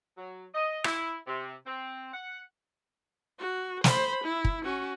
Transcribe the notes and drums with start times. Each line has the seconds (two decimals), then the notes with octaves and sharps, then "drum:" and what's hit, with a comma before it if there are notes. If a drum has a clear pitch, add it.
0.17 F#3
0.55 D#5
0.84 E4, drum: rim click
1.26 C3
1.66 C4
2.13 F#5
3.38 F#4
3.84 C5 B5, drum: snare
4.24 E4
4.45 drum: kick
4.64 C#4 F#4